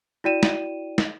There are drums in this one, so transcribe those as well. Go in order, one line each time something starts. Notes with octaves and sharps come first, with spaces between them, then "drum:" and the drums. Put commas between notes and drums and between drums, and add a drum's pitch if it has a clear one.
E4 F#4 D5 G5 D#7 E7
drum: snare
drum: snare